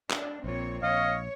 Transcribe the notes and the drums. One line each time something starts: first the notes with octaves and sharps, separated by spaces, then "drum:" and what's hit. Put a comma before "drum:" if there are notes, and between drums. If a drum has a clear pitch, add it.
D4, drum: clap
A#1 A#2 C4 C#5
A#1 C#5 D#5 F5